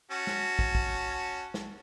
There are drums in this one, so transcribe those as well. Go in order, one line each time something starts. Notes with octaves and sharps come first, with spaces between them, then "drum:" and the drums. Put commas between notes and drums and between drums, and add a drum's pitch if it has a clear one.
C#4 F#4 A5
drum: snare
drum: kick
drum: kick
drum: snare